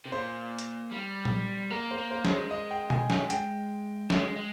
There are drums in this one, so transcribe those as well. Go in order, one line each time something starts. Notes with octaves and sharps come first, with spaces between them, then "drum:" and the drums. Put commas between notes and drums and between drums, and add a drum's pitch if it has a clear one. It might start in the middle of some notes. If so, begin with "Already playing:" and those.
C3
A#2 C5
drum: hi-hat
G3
drum: tom A#2
A#3 A#4
C5
A#3
C5
G#3, drum: snare
C5
D#5
G5
G#5, drum: tom B2
G#5, drum: snare
G5, drum: hi-hat
G#3, drum: snare
G#3